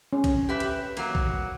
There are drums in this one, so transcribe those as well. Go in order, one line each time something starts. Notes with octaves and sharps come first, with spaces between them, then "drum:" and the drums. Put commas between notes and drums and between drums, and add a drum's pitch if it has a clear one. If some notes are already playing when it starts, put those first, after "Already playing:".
C#4
drum: kick A#1, cymbal
G4 B4 E5
drum: cymbal
F#3 A#3, drum: cymbal
drum: kick A#1